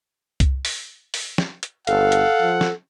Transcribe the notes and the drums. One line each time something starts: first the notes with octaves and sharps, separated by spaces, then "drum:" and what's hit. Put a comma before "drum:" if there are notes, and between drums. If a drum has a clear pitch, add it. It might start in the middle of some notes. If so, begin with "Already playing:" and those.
drum: kick C2, hi-hat
drum: open hi-hat
drum: open hi-hat
drum: snare
drum: hi-hat
G1 A4 F5 F#5, drum: hi-hat
drum: hi-hat
F3
drum: snare